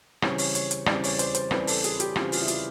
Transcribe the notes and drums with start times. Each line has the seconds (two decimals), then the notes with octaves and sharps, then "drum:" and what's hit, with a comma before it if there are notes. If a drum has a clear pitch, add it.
0.22 C#3 E3 G3 C4 C#5, drum: rim click
0.38 C#5, drum: open hi-hat
0.55 C#5, drum: hi-hat
0.71 drum: hi-hat
0.86 C#3 E3 G3 C4 D5, drum: rim click
1.04 C#5, drum: open hi-hat
1.19 C5, drum: hi-hat
1.35 C5, drum: hi-hat
1.51 C#3 E3 G3 C4 B4, drum: rim click
1.67 A4, drum: open hi-hat
1.84 G#4, drum: hi-hat
2.00 G4, drum: hi-hat
2.16 C#3 E3 G3 C4 F4, drum: rim click
2.32 F4, drum: open hi-hat
2.42 E4
2.48 F4, drum: hi-hat